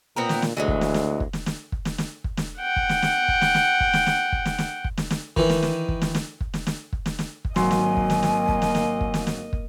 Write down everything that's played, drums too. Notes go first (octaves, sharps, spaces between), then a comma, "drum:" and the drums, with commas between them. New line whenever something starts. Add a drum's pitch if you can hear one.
A#2 B3 C4 A#4
drum: snare
drum: snare
D2 E3 F#3 G#3
drum: kick
drum: snare
drum: snare
drum: kick
drum: snare
drum: snare
drum: kick
drum: snare
drum: snare
drum: kick
drum: snare
F#5 G5
drum: kick
drum: snare
drum: snare
drum: kick
drum: snare
drum: snare
drum: kick
drum: snare
drum: snare
drum: kick
drum: snare
drum: snare
drum: kick
drum: snare
drum: snare
D#3 E3, drum: kick
drum: snare
drum: snare
drum: kick
drum: snare
drum: snare
drum: kick
drum: snare
drum: snare
drum: kick
drum: snare
drum: snare
drum: kick
G#1 F#3 A#3 D#5 G#5 C6, drum: snare
drum: snare
drum: kick
drum: snare
drum: snare
drum: kick
drum: snare
drum: snare
drum: kick
drum: snare
drum: snare
drum: kick